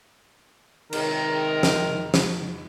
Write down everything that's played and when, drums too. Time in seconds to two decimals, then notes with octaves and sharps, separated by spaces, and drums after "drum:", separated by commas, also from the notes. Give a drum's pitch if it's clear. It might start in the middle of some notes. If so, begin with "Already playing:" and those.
0.93 C3 D#3 G#3 A#4, drum: cymbal
1.63 drum: snare
2.14 drum: snare